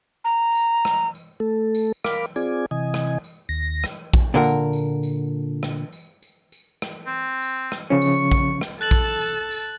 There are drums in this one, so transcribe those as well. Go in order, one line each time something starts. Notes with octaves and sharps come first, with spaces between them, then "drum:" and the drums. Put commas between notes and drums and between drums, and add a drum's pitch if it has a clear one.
A#5
drum: tambourine
drum: rim click
drum: tambourine
A3 A4
drum: tambourine
A#4 F5 B5 D6, drum: rim click
C4 F4 G#4 D5 G#5, drum: tambourine
C3 E3 D#5 G#5
drum: rim click
drum: tambourine
D#2 A#6
drum: rim click
drum: kick A#1, tambourine
A#2 D3 A#4 F#5
drum: tambourine
drum: tambourine
drum: tambourine
drum: rim click
drum: tambourine
drum: tambourine
drum: tambourine
drum: rim click
C4
drum: tambourine
drum: rim click
C#3 F3 C#4 C#6
drum: tambourine
drum: kick A#1, tambourine
drum: rim click
A4 A5 F#6 A6 F#7
drum: kick A#1, tambourine
drum: tambourine
drum: tambourine